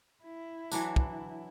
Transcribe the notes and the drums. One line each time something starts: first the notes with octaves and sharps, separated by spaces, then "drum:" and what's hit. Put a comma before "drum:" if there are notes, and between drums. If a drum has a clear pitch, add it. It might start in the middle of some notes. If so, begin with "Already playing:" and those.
E4
E3 F#3 D4, drum: tambourine
drum: kick